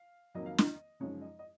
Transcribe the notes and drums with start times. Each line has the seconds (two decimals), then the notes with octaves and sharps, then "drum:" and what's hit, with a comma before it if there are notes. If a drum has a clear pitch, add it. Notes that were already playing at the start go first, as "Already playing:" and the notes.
Already playing: F5
0.34 F2 D#3 F#3 A#3 D#5
0.46 F5
0.58 D#5, drum: snare
1.00 F#2 C#3 F3 G#3 D#4 C#5
1.21 D#5
1.39 D#5